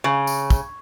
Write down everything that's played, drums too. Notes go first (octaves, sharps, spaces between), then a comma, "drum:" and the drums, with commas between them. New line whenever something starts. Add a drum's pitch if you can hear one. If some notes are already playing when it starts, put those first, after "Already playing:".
C#3
drum: tambourine
drum: kick, tambourine